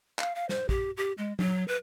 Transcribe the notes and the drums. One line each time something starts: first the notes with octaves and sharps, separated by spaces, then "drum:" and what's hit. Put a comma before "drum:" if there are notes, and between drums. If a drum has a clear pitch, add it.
F5, drum: clap
F5
C5, drum: snare
G4, drum: kick
G4
G#3
F#3, drum: tom F#3
B4